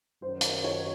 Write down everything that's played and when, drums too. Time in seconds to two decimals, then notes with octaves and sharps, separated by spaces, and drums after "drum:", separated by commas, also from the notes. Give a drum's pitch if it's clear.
0.22 F#2 D#3 F#3 C5
0.41 drum: hi-hat
0.64 C#5